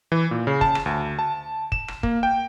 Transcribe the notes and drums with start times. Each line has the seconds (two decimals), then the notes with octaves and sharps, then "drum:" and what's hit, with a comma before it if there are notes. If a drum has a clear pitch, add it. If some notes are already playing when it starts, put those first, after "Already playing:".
0.12 E3
0.31 A#2
0.47 C#3
0.61 A5, drum: kick
0.75 drum: rim click
0.86 D2
1.19 A5
1.72 E7, drum: kick
1.88 drum: rim click
2.03 A#3, drum: kick
2.23 G5